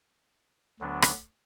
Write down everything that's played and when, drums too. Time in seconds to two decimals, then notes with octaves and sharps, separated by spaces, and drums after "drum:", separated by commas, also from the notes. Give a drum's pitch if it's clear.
0.79 D2 D3 F#3 B3 D4
1.02 drum: rim click